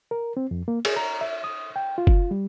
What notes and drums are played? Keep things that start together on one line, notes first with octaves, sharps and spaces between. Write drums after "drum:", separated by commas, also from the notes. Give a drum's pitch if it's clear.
A#4
C4
F2
A#3
G#4, drum: cymbal
A#5
E5
D#6
G5
F4
drum: kick F#1
G3